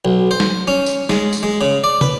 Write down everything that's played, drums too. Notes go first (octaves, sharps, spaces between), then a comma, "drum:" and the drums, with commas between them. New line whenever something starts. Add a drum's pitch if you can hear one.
B1
C5
drum: snare
C#4
drum: tambourine
G#3, drum: snare
drum: tambourine
G#3
C#3
D5
B4, drum: tom